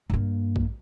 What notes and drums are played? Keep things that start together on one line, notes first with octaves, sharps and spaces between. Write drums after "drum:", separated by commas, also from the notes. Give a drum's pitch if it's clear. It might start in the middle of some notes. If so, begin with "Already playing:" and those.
G2 A#3
drum: kick A#1